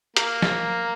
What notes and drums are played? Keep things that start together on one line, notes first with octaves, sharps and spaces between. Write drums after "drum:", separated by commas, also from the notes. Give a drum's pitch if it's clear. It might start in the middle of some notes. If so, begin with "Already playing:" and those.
A#3, drum: hi-hat
drum: snare